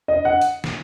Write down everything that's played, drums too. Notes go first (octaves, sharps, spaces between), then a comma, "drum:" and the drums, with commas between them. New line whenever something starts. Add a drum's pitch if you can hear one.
D#5
F#5
drum: open hi-hat
drum: snare